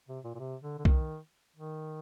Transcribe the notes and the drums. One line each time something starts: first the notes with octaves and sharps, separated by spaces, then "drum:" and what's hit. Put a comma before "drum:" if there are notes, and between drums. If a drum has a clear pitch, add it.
C3
A#2
A#2
C3
D3
D3
D#3, drum: kick B1
D#3